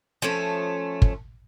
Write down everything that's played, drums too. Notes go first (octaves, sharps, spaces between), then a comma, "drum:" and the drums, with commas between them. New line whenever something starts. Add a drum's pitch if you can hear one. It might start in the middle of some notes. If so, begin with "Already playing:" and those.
F3 A3 C#4
drum: kick